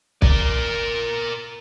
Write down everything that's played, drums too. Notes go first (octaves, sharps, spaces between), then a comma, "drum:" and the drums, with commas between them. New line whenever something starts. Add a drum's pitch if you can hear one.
A#4 D5, drum: kick